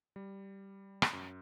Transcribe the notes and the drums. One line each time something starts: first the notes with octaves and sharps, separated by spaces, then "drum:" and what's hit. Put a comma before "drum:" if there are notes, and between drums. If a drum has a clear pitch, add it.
G3
drum: rim click
F#2